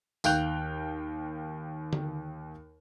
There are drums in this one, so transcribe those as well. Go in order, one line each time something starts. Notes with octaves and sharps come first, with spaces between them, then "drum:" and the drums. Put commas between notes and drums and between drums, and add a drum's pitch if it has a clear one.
D#2 F5 G5 F#6 G6 F7, drum: tambourine
drum: tom D3